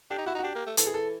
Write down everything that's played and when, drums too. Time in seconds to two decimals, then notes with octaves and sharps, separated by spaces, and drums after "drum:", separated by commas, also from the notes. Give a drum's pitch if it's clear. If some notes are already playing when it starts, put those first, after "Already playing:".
0.10 D4 G4
0.18 D#4
0.26 E4 F#4
0.35 D#4
0.39 F#4
0.43 D4 G4
0.55 A#3
0.66 A3
0.77 E3 A4, drum: hi-hat
0.86 G#4
0.94 A4